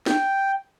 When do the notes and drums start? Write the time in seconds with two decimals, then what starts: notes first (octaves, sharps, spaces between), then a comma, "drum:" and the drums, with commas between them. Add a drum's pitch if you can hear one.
0.06 G5, drum: snare